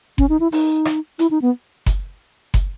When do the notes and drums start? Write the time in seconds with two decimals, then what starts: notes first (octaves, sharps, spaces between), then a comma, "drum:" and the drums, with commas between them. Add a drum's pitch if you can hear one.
0.18 C#4, drum: kick F#1
0.29 D#4
0.40 E4
0.52 D#4, drum: open hi-hat
0.85 drum: rim click
1.19 E4, drum: hi-hat
1.31 D#4
1.42 B3
1.86 drum: kick F#1, hi-hat
2.54 drum: kick F#1, hi-hat